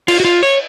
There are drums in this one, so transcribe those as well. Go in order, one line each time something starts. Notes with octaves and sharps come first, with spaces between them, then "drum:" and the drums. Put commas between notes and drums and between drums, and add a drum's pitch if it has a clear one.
F4, drum: cymbal
F#4
F4
C#5